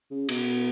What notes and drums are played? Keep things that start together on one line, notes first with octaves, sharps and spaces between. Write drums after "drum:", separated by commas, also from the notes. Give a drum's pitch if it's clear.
C#3
B2, drum: cymbal